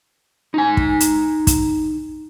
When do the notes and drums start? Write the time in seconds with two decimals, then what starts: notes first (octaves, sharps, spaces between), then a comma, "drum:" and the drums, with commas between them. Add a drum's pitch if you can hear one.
0.54 D#4 G#5
0.77 drum: kick
1.00 drum: hi-hat
1.47 drum: kick, hi-hat